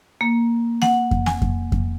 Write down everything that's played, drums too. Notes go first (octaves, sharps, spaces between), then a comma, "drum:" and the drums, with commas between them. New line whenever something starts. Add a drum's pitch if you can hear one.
A#3
F#5, drum: snare A#3
drum: kick F2
G#5, drum: snare A#3
drum: kick F2
drum: kick F2